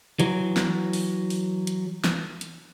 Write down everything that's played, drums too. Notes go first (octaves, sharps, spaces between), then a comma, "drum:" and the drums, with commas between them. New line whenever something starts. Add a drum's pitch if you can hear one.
E3 F#3, drum: hi-hat
drum: snare
drum: open hi-hat
drum: open hi-hat
drum: hi-hat
drum: snare
drum: hi-hat